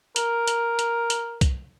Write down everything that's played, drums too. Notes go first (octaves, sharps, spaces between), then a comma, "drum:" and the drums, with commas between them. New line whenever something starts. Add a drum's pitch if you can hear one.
A#4, drum: hi-hat
drum: hi-hat
drum: hi-hat
drum: hi-hat
drum: kick C2, hi-hat